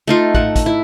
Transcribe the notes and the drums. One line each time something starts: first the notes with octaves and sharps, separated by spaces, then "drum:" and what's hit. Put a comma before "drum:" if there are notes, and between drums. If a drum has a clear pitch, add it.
A3 D#4 F4
A3 F#5, drum: kick
drum: kick, hi-hat
E4